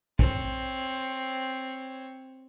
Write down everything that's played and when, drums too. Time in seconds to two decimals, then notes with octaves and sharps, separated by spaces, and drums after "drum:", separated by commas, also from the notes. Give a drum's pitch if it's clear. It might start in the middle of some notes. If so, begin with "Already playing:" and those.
0.19 C4 C#5, drum: kick